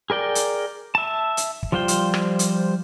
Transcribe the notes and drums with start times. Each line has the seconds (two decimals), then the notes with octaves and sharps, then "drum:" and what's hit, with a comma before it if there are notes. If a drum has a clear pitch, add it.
0.10 G#4 A#4 D5 G5
0.35 drum: hi-hat
0.95 E5 A5
1.37 drum: hi-hat
1.63 drum: kick
1.72 F3 G3 F4 C5 G5
1.88 drum: hi-hat
2.14 drum: rim click
2.39 drum: hi-hat